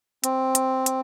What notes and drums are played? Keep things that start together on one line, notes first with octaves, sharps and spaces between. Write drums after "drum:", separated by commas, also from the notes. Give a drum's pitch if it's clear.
C4, drum: hi-hat
drum: hi-hat
drum: hi-hat